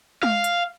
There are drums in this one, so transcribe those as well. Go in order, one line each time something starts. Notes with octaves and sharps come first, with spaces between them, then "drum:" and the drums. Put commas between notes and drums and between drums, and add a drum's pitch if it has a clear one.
F5, drum: tom G#3
drum: hi-hat